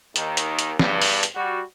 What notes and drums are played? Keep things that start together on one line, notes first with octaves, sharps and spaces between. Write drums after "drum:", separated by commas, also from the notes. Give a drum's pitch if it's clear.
D#2 D#3, drum: hi-hat
drum: hi-hat
drum: hi-hat
E2 G2, drum: snare
drum: open hi-hat
drum: hi-hat
G3 F#4